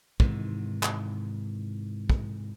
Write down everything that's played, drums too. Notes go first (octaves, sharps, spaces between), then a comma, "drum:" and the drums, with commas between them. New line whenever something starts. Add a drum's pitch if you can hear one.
G#2 C3 D#3 E3, drum: kick
drum: clap
drum: kick